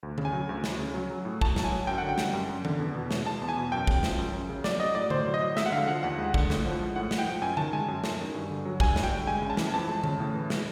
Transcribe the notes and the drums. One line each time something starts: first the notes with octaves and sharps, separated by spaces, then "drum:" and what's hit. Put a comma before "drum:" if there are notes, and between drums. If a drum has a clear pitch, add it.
D2
C#3, drum: tom D3
G#5
F#3
D2
D2, drum: snare
C#3
F#3
F#3
A2
A2 A5, drum: kick
F#3, drum: snare
G#5
F#3
F#2 G5
D3 F#5
G5
G3, drum: snare
F#2
F#2
D3, drum: tom D#3
E2
B2
G#3, drum: snare
E2 A5
E2
G#5
B2
F#2 G5
C#3, drum: kick
F3, drum: snare
F#2
F#2
C#3
F#3 D5, drum: snare
F#3 D#5
A2 D5
A2 C5, drum: tom D3
F#3
D#5
F#3
G#3 E5, drum: snare
F#5
D3 F5
F3 F#5
D#2 F#5
G#3
D3, drum: kick
A2, drum: snare
F3
G#3
A2 F#5
A2, drum: snare
G5
F3
F#2 G#5
D#3 A5, drum: tom D3
G#3 G#5
F#2
F#2, drum: snare
D#3
G2
D3
F#3
G2 G#5, drum: kick
G2, drum: snare
G5
D3
G#3 G#5
C#3
A5
E3, drum: snare
F2 A5
G#3
C#3, drum: tom D3
A2
E3
G#3, drum: snare